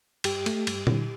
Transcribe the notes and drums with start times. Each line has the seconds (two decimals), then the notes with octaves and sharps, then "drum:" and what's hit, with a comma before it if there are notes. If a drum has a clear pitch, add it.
0.24 G2 G4, drum: cymbal
0.46 A3, drum: cymbal
0.67 G2, drum: cymbal
0.87 D3, drum: tom A#2